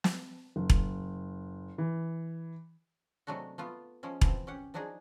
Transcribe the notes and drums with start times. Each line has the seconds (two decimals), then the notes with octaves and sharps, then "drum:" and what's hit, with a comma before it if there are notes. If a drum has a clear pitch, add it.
0.04 drum: snare
0.56 F#1
0.70 drum: kick E1
1.78 E3
3.27 C3 F#3 G#3 A3 D4 F#4
3.58 A3 B3 F4
4.03 F3 G#3 C#4
4.21 E3 F3 C4, drum: kick E1
4.47 C#4 G4 F#5
4.74 F3 F#3 D4 D#4 G#4